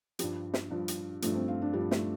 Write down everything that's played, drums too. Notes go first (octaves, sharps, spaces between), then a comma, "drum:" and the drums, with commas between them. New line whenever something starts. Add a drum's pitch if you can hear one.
G2 F3 G3, drum: hi-hat
drum: snare
G2 F3
drum: hi-hat
G2 F3 A3, drum: hi-hat
C4
F4
D4
G2 F3 G3
A3, drum: snare